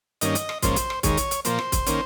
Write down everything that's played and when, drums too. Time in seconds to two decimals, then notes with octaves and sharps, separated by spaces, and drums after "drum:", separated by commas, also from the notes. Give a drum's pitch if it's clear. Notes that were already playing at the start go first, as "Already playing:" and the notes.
0.21 G2 D#3 A#3 C#4 D#5, drum: hi-hat
0.35 drum: hi-hat
0.49 drum: rim click
0.62 G#2 F3 A#3 C#4 C5, drum: kick, hi-hat
0.76 drum: hi-hat
0.90 drum: rim click
1.03 D#2 D#3 G#3 C#5, drum: kick, hi-hat
1.17 drum: hi-hat
1.31 drum: hi-hat
1.45 A#2 F3 A#3 C5, drum: hi-hat
1.59 drum: rim click
1.72 drum: kick, hi-hat
1.87 D#3 A#3 C#4, drum: hi-hat